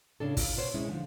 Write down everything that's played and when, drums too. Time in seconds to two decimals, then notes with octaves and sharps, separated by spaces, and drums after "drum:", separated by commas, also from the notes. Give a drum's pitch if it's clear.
0.20 A2 C#3 D4 A4
0.37 F4, drum: kick, open hi-hat
0.57 B2 B3 C5 C#5
0.74 B2 G#3 C#4 D#4 E4
0.87 D3 F3